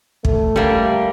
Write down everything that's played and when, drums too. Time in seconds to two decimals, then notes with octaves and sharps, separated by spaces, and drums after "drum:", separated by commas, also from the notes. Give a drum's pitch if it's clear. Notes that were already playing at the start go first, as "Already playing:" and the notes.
0.25 A3, drum: kick
0.56 G3 A#3